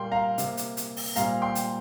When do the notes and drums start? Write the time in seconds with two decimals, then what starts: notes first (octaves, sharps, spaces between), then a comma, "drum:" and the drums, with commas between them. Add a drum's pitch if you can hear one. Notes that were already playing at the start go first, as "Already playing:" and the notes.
Already playing: A#2 G3 A#3 G5 C6
0.12 F5 A#5
0.38 C3 A#3, drum: hi-hat
0.57 drum: hi-hat
0.77 drum: hi-hat
0.96 drum: open hi-hat
1.16 A#2 G3 C4 F5 A#5, drum: hi-hat
1.42 G5 C6
1.55 drum: hi-hat